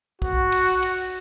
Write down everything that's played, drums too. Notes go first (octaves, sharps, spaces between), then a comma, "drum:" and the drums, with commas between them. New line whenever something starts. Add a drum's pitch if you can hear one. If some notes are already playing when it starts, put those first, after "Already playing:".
F#4, drum: kick B1
drum: cymbal
drum: cymbal